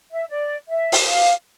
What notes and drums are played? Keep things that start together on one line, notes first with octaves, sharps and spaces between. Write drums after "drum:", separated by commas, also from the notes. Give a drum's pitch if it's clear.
E5
D5
E5
drum: open hi-hat
F5